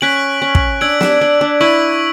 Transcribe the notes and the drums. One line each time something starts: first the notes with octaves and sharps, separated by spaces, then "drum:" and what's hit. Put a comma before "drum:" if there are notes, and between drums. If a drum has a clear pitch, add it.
C#4 F#6 B6 D7 F#7
C#4
drum: kick
D4 E6 G#6 D7 F#7
D4, drum: snare
D4
D4
E4 C#6 E6 B6 D7 F#7